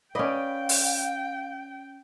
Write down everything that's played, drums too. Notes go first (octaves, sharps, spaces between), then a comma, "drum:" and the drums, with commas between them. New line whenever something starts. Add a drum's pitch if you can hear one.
C#4 B4 D5 D#5 F5 G5
drum: open hi-hat